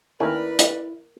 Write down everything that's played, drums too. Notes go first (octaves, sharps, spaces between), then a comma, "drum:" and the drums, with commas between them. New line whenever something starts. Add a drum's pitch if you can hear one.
D#2 A3 C#4 E4 A#4 B4 D5
drum: hi-hat